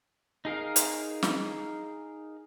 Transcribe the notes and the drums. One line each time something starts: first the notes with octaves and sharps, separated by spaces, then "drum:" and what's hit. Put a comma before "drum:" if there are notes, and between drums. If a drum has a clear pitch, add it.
D#4 G#4 A#4 F5
drum: hi-hat
drum: snare